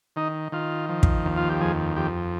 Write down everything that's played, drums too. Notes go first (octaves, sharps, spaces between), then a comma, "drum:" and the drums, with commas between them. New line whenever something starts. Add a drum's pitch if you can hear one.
D#3 D#4
D#3 F4
F3
drum: kick
D#2
F4
G4
F2 G#4
F2 G4